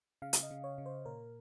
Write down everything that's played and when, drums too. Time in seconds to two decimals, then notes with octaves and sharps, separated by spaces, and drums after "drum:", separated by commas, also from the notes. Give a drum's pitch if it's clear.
0.22 C#3 F5
0.33 drum: hi-hat
0.43 D#5
0.51 C#3
0.64 C#5
0.78 C#3
0.86 C5
1.06 A#2 A#4